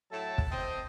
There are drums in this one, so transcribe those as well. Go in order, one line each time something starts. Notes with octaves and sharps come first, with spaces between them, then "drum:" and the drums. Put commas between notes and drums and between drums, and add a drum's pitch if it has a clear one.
A2 F#3 A4 E5 A5
drum: kick
C4 C5 D#5